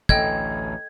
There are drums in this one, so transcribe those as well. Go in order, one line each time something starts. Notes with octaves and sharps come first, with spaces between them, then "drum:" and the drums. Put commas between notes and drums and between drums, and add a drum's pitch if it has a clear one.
A1 D2 A4 D#5 G5 G#6, drum: kick